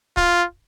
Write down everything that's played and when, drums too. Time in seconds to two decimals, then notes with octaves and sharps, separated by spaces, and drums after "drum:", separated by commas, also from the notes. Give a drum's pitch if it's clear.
0.17 F4, drum: kick C#1